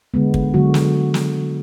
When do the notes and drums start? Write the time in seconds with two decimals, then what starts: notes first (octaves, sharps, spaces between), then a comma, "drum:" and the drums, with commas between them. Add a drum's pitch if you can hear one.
0.14 D3 G#3 B3
0.34 drum: kick
0.54 D3 F#3 G#3 B3 F#4
0.74 drum: snare
1.14 drum: snare